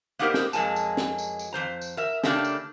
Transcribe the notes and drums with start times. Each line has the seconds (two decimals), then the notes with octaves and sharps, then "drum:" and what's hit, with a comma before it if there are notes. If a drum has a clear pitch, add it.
0.19 A#3 B3 D#4 G4 A#4 C5
0.34 drum: snare
0.53 F2 F#3 G#3 A#3 G#5 A5, drum: tambourine
0.76 drum: tambourine
0.97 drum: snare
1.18 drum: tambourine
1.39 drum: tambourine
1.53 F2 F3 C5 A#5
1.81 drum: tambourine
1.97 A#4 E5
2.24 C#3 A3 A#3 D4 G4, drum: snare
2.45 drum: tambourine